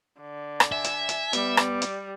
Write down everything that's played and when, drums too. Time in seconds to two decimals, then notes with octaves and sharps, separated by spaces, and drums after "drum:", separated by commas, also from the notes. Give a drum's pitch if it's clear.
0.21 D3
0.60 drum: rim click
0.72 E5 G#5
0.84 drum: hi-hat
1.09 drum: hi-hat
1.33 G3 B3, drum: hi-hat
1.57 drum: rim click
1.82 drum: hi-hat